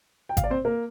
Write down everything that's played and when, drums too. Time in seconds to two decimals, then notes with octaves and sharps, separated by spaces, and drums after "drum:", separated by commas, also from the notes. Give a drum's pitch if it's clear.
0.29 G5
0.37 F5, drum: kick G#1, hi-hat
0.44 D5
0.50 C4 C5
0.65 A#3 A#4